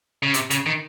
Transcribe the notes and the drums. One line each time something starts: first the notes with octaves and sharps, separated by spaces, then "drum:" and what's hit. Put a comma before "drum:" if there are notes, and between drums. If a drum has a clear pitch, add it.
C#3
C3, drum: hi-hat
C#3, drum: hi-hat
D#3